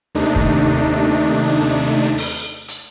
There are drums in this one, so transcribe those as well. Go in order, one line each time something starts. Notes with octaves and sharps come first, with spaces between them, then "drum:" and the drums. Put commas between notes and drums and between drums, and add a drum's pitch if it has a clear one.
D#2 C3 A3 D4 D#4
drum: kick
drum: open hi-hat
drum: hi-hat